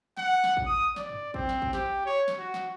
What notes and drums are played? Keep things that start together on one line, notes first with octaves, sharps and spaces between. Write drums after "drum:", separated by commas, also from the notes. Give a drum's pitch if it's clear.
F#5, drum: snare
drum: snare
drum: kick
D#6
D5, drum: snare
drum: tom
C4, drum: kick
drum: snare
drum: kick
G4, drum: snare
C#5
drum: snare
F#4
drum: snare